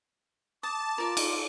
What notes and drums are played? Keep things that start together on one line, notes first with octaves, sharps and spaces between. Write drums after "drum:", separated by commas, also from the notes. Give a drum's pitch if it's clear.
A5 D6 D#6
F4 A#4 D5
drum: cymbal